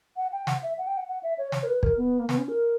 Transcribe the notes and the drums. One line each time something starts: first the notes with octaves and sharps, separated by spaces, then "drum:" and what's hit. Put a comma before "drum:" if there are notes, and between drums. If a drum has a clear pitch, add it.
F#5
G5
F#5, drum: snare
E5
F#5
G5
F#5
F#5
E5
C#5
C#5, drum: snare
A#4
B4
A#4, drum: kick
B3
A#3
B3, drum: snare
C#4
A#4